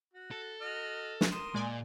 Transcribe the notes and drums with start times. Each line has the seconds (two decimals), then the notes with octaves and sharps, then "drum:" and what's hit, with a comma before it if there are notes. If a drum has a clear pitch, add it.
0.14 F#4
0.31 A4
0.61 F#4 D#5 F6
1.21 drum: snare
1.32 A#4 C6 D#6 E7
1.55 A#2 G#3 D5 G#5